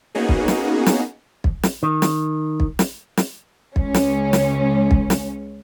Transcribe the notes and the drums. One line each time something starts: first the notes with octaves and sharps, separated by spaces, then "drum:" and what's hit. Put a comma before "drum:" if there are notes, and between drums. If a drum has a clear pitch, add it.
A#3 B3 C#4 D#4 F#4 G#4
drum: kick
drum: snare
drum: snare
drum: kick
drum: snare
D#3
drum: snare
drum: kick
drum: snare
drum: snare
C#2 C#4, drum: kick
drum: snare
drum: snare
drum: kick
drum: snare